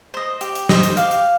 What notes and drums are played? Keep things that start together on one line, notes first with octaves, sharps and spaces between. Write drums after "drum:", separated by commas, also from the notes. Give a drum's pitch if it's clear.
C5 D#5
G4, drum: hi-hat
drum: hi-hat
C5 D#5, drum: snare
drum: hi-hat
G4 F5, drum: hi-hat
drum: hi-hat